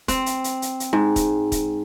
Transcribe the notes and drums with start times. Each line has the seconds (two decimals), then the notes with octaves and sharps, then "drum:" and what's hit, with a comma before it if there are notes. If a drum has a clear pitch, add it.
0.08 C4, drum: kick, hi-hat
0.26 drum: hi-hat
0.44 drum: hi-hat
0.62 drum: hi-hat
0.80 drum: hi-hat
0.93 G#2
1.16 drum: kick, hi-hat
1.52 drum: kick, hi-hat